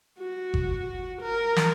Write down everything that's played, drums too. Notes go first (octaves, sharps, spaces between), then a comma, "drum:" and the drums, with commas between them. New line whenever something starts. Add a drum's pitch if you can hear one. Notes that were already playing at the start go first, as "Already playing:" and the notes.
F#4
drum: kick G1
A#4
drum: snare